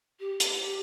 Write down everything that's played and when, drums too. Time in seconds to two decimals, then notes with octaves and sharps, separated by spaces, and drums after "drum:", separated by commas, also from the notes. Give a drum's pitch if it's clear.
0.20 G4
0.40 drum: hi-hat